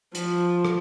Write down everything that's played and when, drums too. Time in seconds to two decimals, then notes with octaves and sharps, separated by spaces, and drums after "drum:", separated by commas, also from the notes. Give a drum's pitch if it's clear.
0.15 F3, drum: hi-hat
0.65 drum: rim click